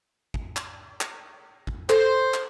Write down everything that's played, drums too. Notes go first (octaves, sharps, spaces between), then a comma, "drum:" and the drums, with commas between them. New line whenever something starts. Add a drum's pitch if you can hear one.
drum: kick
drum: clap
drum: clap
drum: kick
A4 C5, drum: clap
drum: clap